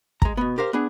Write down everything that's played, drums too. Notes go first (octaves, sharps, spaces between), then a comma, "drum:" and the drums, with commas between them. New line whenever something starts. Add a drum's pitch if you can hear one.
G#3 A#5, drum: kick
B2 B3
G4 A#4 C5 F5
B3 D4 G#4